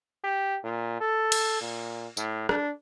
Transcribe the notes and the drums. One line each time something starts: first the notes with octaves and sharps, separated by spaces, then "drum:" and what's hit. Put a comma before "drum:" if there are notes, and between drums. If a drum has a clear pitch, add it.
G4
A#2
A4
drum: cymbal
A#2
A2, drum: tambourine
D4, drum: rim click